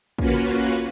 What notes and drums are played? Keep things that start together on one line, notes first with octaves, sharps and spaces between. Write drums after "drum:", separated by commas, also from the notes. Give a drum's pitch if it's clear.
A#3 C#4 F4 F#4 B4, drum: kick
drum: tom C3